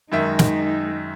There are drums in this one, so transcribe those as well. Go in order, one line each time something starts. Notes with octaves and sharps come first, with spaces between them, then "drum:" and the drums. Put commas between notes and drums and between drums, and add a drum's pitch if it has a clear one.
F#2 D#3 G#3 D#4 E5
drum: snare